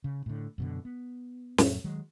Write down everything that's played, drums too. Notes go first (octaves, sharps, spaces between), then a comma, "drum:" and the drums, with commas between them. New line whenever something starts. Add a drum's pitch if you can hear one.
C#3
A2 D3
F#2 B2 D3
B3
F2 A2 F#3 A3, drum: snare
D#3 F#3 G#3